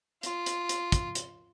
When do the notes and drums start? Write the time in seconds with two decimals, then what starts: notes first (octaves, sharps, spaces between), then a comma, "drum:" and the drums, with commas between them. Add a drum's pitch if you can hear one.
0.23 F4, drum: hi-hat
0.46 drum: hi-hat
0.69 drum: hi-hat
0.92 drum: kick, hi-hat
1.15 drum: hi-hat